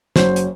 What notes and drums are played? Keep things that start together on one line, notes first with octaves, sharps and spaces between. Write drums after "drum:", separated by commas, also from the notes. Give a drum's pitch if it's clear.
F#1 F#2 F#3 C5, drum: snare
drum: hi-hat